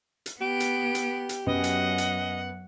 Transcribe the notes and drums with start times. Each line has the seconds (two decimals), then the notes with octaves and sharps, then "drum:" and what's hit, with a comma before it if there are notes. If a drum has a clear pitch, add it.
0.26 drum: hi-hat
0.41 B3 G4 D7
0.60 drum: hi-hat
0.95 drum: hi-hat
1.29 drum: hi-hat
1.46 F#2 F#3 B3 C#4 D#5 F#5
1.64 drum: hi-hat
1.98 drum: hi-hat